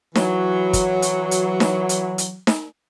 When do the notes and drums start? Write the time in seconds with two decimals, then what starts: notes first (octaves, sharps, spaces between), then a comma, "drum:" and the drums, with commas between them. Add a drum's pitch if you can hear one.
0.15 E3 F#3, drum: snare D#4
0.73 drum: kick, hi-hat
1.02 drum: hi-hat
1.31 drum: hi-hat
1.60 drum: snare D#4
1.89 drum: hi-hat
2.18 drum: hi-hat
2.47 drum: snare D#4